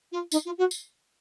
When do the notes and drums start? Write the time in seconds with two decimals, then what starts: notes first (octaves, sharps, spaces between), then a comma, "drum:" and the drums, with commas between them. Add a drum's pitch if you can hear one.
0.12 F4
0.32 D#4, drum: tambourine
0.45 F4
0.58 F#4
0.71 drum: tambourine